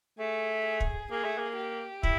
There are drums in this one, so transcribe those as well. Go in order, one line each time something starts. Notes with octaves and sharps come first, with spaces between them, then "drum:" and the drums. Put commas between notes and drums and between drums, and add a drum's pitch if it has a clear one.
A3 G#4
G#4
drum: kick
A#3 G#4
A3
A#3
G4
E4, drum: kick